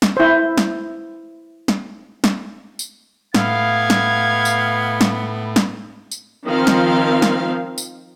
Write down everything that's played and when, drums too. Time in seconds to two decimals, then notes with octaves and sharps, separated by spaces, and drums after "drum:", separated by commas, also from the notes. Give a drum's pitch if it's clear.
0.02 drum: snare
0.17 E4 C5
0.57 drum: snare
1.68 drum: snare
2.24 drum: snare
2.79 drum: tambourine
3.34 A2 B3 F5 G#6, drum: snare
3.90 drum: snare
4.45 drum: tambourine
5.01 drum: snare
5.56 drum: snare
6.11 drum: tambourine
6.46 D#3 F3 C4 F5
6.67 drum: snare
7.22 drum: snare
7.78 drum: tambourine